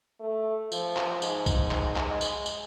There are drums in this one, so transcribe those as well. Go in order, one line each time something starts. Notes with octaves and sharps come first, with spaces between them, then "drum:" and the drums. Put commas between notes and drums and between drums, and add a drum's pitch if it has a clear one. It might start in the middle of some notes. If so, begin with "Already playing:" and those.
A3
F3, drum: tambourine
drum: clap
G#2, drum: tambourine
drum: kick B1, tambourine
drum: clap
G#3, drum: clap
drum: tambourine
drum: tambourine